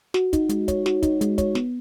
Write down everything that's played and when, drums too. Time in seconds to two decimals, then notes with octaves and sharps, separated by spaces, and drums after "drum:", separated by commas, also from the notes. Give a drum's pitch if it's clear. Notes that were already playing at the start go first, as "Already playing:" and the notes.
0.14 F#4, drum: snare
0.33 D#4, drum: kick, hi-hat
0.49 G#3, drum: hi-hat
0.68 C#5, drum: kick, hi-hat
0.86 F#4, drum: snare
1.03 D#4, drum: kick, hi-hat
1.21 G#3, drum: hi-hat
1.38 C#5, drum: kick, hi-hat
1.55 B3, drum: snare